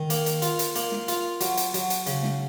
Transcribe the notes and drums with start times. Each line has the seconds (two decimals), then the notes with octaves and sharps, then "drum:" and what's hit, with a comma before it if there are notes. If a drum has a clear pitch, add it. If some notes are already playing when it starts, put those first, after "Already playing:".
Already playing: D#3
0.10 A#3, drum: hi-hat
0.26 drum: hi-hat
0.42 F4, drum: hi-hat
0.59 drum: hi-hat
0.75 A#3, drum: hi-hat
0.92 drum: snare
1.08 F4, drum: hi-hat
1.41 F#3, drum: hi-hat
1.57 drum: hi-hat
1.74 F#3, drum: hi-hat
1.90 drum: hi-hat
2.06 C#3, drum: hi-hat
2.23 drum: snare